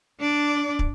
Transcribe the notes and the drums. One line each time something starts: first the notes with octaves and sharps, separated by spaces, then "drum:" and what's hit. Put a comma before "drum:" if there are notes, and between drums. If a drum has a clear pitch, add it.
D4 D5
drum: kick